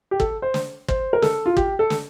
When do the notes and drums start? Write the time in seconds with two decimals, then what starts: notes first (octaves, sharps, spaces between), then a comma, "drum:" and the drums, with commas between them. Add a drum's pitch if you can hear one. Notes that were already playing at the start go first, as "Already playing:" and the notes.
0.11 G4
0.20 A4, drum: kick
0.42 C5
0.54 drum: snare
0.88 C5, drum: kick
1.13 A#4
1.22 A4, drum: snare
1.46 F4
1.57 G4, drum: kick
1.79 A4
1.90 drum: snare